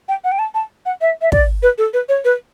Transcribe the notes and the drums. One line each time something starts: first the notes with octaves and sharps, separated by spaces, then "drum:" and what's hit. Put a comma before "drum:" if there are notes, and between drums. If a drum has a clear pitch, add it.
G5
F#5
G5
A5
A5
F#5
E5
E5
D5, drum: kick
B4
A4
B4
C#5
B4